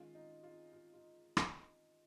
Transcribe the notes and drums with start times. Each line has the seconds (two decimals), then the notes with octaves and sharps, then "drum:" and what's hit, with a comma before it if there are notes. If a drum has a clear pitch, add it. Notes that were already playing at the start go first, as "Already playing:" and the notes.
Already playing: D#3 G#3 C#4 F4
0.15 D#4
0.43 F4
0.73 F4
0.94 F4
1.37 drum: rim click